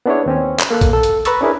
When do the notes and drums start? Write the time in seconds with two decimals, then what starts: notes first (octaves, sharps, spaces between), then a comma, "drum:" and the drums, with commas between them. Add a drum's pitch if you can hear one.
0.06 B3 C#4 D4 E4 G#4 C#5
0.26 D#2 C4 C#4
0.59 drum: clap
0.71 A#3 A4 F#6
0.81 drum: kick A#1, hi-hat
0.93 A4
1.03 drum: hi-hat
1.25 B4 A#5 B5 C#6 E6 A6, drum: hi-hat
1.41 C#4 D4 E4 G#4 A#4 B4